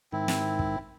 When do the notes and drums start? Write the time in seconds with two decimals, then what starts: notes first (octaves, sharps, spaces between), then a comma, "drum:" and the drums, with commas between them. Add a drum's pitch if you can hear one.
0.13 G#2 D#3 C4 E4
0.28 drum: snare
0.59 drum: kick